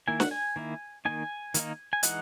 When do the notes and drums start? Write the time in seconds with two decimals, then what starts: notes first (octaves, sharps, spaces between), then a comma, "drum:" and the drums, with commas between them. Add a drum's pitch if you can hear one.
0.08 D#3 A#3 E4 G#5
0.20 F#5, drum: snare
0.31 G#5
0.56 D#3 A#3 E4
1.05 D#3 A#3 D#4 G#5
1.54 D#3 A#3 D#4, drum: hi-hat
1.93 G#5
2.03 E3 G#3 D#4 F#5, drum: hi-hat